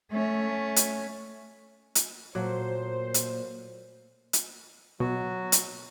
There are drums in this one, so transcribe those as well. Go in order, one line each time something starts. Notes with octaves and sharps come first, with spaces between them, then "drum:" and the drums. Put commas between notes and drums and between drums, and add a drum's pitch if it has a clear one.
A3 C#4
drum: hi-hat
drum: hi-hat
A#2 F#3 A3 A#3 C5
drum: hi-hat
drum: hi-hat
B2 F#3 F#4
drum: hi-hat